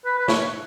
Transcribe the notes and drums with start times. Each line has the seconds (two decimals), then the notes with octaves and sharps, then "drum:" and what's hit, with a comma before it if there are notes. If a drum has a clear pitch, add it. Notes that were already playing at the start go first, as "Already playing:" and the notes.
0.05 B4
0.19 B4
0.28 C#5, drum: snare